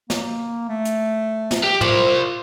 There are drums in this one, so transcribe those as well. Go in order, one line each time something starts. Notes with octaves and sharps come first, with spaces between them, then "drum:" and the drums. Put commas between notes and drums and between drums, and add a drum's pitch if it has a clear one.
A#3, drum: snare
A3
drum: hi-hat
drum: snare
G4
F4 C5 D5, drum: tom